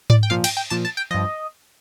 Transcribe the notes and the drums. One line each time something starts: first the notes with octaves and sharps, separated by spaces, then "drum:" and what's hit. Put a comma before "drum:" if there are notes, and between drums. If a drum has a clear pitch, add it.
D5, drum: tom G#2
G5
A#2 F3 F5
G5, drum: cymbal
G5
A#2 F3 A5
A5
G5
G2 F3 D#5